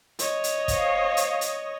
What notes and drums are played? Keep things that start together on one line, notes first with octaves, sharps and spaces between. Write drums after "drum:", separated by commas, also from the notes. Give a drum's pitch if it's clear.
C#5 D#5, drum: hi-hat
drum: hi-hat
C5 F5, drum: kick, hi-hat
drum: hi-hat
drum: hi-hat